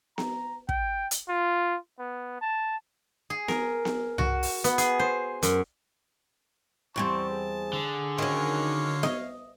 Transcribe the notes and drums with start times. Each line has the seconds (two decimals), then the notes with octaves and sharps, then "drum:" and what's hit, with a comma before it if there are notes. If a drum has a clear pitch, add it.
0.18 A#5, drum: snare B3
0.69 G5, drum: kick
1.11 drum: hi-hat
1.29 F4
1.99 B3
2.42 A5
3.30 G#4
3.48 A#4, drum: snare B3
3.85 drum: snare B3
4.18 F#4, drum: tom C2
4.43 drum: open hi-hat
4.64 B3, drum: hi-hat
4.78 G#4, drum: hi-hat
5.00 C5
5.43 F#2, drum: hi-hat
6.96 E2 G3 C4 A5 C#6
7.30 G#4
7.73 D3
8.18 D#3 F#3 C#4 C#5 F5
9.03 D#5, drum: snare B3